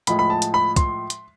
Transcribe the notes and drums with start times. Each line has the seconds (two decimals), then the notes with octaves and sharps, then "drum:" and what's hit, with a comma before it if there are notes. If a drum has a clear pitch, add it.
0.07 A2 F3 G#3 B5, drum: hi-hat
0.19 B5
0.30 A5
0.42 drum: hi-hat
0.54 B5
0.76 C6, drum: kick, hi-hat
1.10 drum: hi-hat